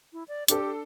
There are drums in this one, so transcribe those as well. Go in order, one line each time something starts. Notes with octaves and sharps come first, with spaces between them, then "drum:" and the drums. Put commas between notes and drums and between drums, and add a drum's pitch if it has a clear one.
E4
D5
D4 G4 A4, drum: hi-hat